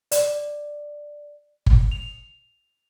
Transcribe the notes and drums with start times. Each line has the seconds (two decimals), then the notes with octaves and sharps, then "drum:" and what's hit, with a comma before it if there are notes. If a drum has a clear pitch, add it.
0.12 D5, drum: hi-hat
1.66 drum: kick G1
1.91 F7